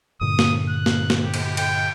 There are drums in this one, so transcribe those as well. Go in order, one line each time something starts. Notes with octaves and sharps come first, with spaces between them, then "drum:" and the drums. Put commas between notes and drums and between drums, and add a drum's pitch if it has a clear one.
G2 A#2 D3 D#6
drum: snare
F#6
drum: snare
drum: snare
G4
drum: cymbal
G5, drum: cymbal